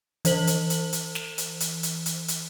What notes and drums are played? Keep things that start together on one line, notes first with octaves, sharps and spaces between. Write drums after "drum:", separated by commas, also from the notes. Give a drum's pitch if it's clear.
E3 C5 F#7, drum: hi-hat
drum: hi-hat
drum: hi-hat
drum: hi-hat
drum: snare
drum: hi-hat
drum: hi-hat
drum: hi-hat
drum: hi-hat
drum: hi-hat